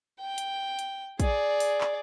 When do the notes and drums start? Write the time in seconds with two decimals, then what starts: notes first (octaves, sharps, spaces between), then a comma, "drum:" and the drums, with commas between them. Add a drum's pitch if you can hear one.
0.20 G5
0.38 drum: hi-hat
0.79 drum: hi-hat
1.20 G#4 D5, drum: kick, hi-hat
1.60 drum: open hi-hat
1.81 drum: clap